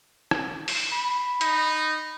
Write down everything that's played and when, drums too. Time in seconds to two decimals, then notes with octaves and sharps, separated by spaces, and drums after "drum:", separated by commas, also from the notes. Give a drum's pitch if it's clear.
0.31 drum: rim click
0.68 drum: open hi-hat
0.92 B5
1.41 D#4, drum: hi-hat